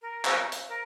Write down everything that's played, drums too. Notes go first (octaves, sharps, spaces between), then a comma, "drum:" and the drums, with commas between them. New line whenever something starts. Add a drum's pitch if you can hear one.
A#4
C5 F5 E6, drum: clap
drum: hi-hat
A#4